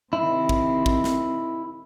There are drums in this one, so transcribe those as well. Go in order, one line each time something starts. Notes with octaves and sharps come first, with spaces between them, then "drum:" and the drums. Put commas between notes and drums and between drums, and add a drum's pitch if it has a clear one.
C3 D#3 C4 E4
drum: kick
drum: kick
drum: snare